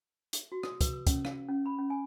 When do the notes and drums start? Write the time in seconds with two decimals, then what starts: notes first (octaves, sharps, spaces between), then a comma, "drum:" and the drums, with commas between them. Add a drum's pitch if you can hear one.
0.33 drum: hi-hat
0.52 F#4
0.63 D#6, drum: rim click
0.81 B4, drum: kick, hi-hat
0.93 E6
1.07 C#4, drum: kick, hi-hat
1.25 F5, drum: rim click
1.49 C#4
1.66 B5
1.79 C#4
1.90 G#5